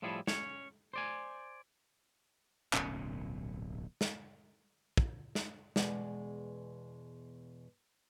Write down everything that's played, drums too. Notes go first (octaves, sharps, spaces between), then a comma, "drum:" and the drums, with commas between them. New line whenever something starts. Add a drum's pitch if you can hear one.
A2 F3 G3 E4 G#4 A4
C#4 C#5, drum: snare
C5 D5 G#5
D1 B1 A#2 C#4, drum: clap
drum: snare
drum: kick
drum: snare
E2 B2 G#3 G#4 D5 F#5, drum: snare